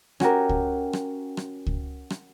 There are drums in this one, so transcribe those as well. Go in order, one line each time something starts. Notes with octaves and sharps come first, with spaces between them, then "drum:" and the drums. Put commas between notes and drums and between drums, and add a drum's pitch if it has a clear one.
C#4 F#4 G4 A#4, drum: rim click
drum: kick C#2
drum: rim click
drum: rim click
drum: kick C#2
drum: rim click